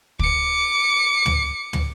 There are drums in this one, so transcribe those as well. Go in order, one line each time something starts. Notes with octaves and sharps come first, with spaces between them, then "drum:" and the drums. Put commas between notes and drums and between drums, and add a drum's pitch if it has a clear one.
D6 C#7, drum: kick
drum: tom
drum: tom